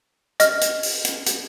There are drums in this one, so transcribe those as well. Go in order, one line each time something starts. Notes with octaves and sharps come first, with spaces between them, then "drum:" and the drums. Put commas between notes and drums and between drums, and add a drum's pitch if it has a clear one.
D#5 F6, drum: hi-hat
drum: hi-hat
drum: open hi-hat
drum: hi-hat
drum: hi-hat